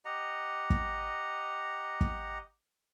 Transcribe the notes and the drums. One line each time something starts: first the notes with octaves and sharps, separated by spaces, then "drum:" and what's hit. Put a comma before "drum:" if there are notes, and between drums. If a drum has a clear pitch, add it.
G4 D#5 F#5 A#5
drum: kick
drum: kick